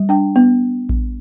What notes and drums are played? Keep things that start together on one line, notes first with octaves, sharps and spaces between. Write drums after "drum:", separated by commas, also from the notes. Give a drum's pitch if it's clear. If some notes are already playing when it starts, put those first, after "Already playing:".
Already playing: G3
D4 G5
B3
drum: kick A1